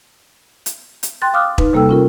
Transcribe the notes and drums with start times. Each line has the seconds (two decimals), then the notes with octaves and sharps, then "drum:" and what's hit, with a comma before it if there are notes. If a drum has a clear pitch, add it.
0.66 drum: hi-hat
1.03 drum: hi-hat
1.22 G5 C6 F#6 A6
1.33 F5 D6 D#6 F6 F#6
1.58 D#4 B4, drum: kick E1
1.73 C3 G3 A#3 A4 G5 E6
1.89 C#4 F4 A#4